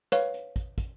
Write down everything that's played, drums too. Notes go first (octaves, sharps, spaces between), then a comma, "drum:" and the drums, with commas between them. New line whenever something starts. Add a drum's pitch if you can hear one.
B4 C#5 F5, drum: snare
drum: hi-hat
drum: kick, hi-hat
drum: kick, hi-hat